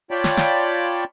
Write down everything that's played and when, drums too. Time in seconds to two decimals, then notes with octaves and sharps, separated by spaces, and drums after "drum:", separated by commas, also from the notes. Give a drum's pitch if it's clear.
0.11 F4 C#5 D5 G5 A5 B5
0.24 drum: snare
0.37 drum: snare